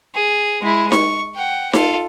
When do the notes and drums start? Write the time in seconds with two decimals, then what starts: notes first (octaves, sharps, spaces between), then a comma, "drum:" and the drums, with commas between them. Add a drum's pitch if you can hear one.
0.15 G#4
0.61 G#3 E4
0.92 C#6, drum: snare D#4
1.35 F#5 G5
1.73 F4 A4, drum: snare D#4